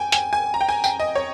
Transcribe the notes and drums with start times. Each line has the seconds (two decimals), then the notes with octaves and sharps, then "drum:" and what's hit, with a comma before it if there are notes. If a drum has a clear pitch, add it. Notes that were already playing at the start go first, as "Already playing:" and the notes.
Already playing: G5 G#5
0.12 G#5, drum: hi-hat
0.33 G#5
0.54 A#5
0.61 G5
0.69 G#5
0.84 G5, drum: tambourine
1.00 D#5
1.16 C#5